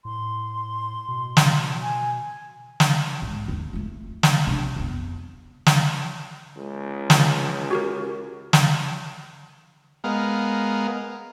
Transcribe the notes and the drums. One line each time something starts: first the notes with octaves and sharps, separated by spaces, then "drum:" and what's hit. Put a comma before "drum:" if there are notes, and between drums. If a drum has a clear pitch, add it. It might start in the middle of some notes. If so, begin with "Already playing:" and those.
A2 C6
B2
drum: snare
G#5
drum: snare
G#2
D#2
A3 F4
drum: snare
C3 D4
F2 B3
drum: snare
C#2
drum: snare
F#4 G4 A#4
drum: snare
G#3 B3 A#4 F5